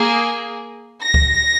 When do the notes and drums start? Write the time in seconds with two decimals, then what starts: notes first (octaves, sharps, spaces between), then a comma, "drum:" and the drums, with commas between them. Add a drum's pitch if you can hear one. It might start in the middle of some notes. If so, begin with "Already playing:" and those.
Already playing: A#3 G#4
1.01 A#6
1.14 drum: kick C#2